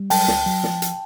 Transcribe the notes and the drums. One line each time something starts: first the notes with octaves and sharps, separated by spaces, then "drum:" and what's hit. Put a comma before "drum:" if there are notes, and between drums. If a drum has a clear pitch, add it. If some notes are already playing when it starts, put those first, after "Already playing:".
Already playing: G3
F#3 G5 A5, drum: open hi-hat
D2, drum: snare
F#3
F3, drum: snare
drum: hi-hat